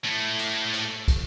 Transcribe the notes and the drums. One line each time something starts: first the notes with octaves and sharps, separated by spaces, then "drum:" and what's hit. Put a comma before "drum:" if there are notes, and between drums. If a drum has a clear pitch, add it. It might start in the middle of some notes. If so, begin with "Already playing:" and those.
A2 A3
drum: cymbal
drum: cymbal
drum: kick, cymbal